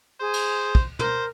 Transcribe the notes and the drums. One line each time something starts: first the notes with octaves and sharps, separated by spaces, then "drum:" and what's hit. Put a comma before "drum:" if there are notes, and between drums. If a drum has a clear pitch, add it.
G#4 C5
drum: cymbal
drum: kick
A#4 C5, drum: tom